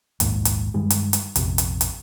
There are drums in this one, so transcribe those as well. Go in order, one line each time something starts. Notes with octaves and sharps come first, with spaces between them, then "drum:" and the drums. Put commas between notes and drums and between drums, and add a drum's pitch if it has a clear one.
A#1 D#2 G#2, drum: hi-hat
drum: hi-hat
G2 D#3 G3 G#3
drum: hi-hat
drum: hi-hat
A#1 F2 C3, drum: hi-hat
drum: hi-hat
drum: hi-hat